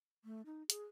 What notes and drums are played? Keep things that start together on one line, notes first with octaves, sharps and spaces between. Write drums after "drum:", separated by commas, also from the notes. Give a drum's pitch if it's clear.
A3
D#4
G#4, drum: hi-hat